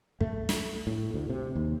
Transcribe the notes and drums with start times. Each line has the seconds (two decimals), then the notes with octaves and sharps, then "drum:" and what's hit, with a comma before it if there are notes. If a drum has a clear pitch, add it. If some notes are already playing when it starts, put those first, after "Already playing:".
0.21 A3, drum: kick
0.49 drum: snare
0.87 A2
1.14 D2
1.30 C3
1.55 D#2